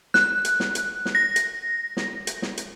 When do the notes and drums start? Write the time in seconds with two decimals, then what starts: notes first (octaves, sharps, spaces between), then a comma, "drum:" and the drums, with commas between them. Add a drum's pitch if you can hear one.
0.14 F#6, drum: snare
0.45 drum: hi-hat
0.60 drum: snare
0.75 drum: hi-hat
1.05 drum: snare
1.15 A#6
1.36 drum: hi-hat
1.97 drum: snare
2.27 drum: hi-hat
2.42 drum: snare
2.57 drum: hi-hat